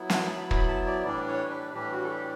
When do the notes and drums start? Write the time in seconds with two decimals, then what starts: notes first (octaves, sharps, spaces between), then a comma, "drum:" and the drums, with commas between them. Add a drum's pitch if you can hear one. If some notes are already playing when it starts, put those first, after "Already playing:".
Already playing: F#3 B3 E4
0.10 A5, drum: snare
0.33 F#3 B3 E4 B5
0.51 B5, drum: kick
0.68 A5
0.87 D5
1.04 A2 E3 G3 D4 D5
1.28 C#5
1.50 B4
1.74 A2 E3 G3 D4 G4
1.92 F#4
2.03 A4
2.10 G4